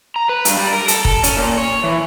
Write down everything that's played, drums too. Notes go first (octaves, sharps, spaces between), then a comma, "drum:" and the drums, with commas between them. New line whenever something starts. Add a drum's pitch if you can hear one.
A#5
B4
G2, drum: hi-hat
G3
A#4
A4, drum: hi-hat
A4, drum: kick
C#4, drum: hi-hat
A#2
C#5
E3